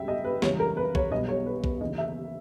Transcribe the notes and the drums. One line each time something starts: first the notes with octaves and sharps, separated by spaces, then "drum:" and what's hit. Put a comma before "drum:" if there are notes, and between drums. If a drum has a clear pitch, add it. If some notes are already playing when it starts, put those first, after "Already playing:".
Already playing: C#2 C#3 G3 E5 G5
D#5
B4
C#2 C#3 E3 G3 C#5, drum: snare
A#4
B4
C#5, drum: kick
B1 B2 G3 D#5
C#5
B4
B4, drum: kick
D#2 C#3 E3 D#5
E5